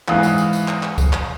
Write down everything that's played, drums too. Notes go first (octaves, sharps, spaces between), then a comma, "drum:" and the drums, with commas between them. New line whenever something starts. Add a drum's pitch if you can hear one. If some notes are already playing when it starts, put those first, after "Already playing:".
E2 G#2 F5 D#6 F#6, drum: clap
drum: tambourine
drum: tambourine
drum: tambourine
drum: clap
drum: clap
drum: kick C#2, tambourine
drum: clap